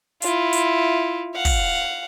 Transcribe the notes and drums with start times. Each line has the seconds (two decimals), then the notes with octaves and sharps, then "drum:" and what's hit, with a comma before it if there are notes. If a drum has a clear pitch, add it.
0.22 E4 F4, drum: hi-hat
0.53 drum: hi-hat
1.35 F5 F#5
1.45 drum: kick, open hi-hat